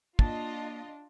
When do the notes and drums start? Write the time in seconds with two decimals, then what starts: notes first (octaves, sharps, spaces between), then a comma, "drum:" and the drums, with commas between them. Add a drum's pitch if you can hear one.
0.19 A#3 D4 F4 D#5 A5 A6, drum: kick